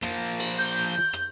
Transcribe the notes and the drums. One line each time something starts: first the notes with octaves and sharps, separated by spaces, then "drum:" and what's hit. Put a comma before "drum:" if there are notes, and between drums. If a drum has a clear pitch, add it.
F3 A#3, drum: rim click
drum: cymbal
G6
drum: rim click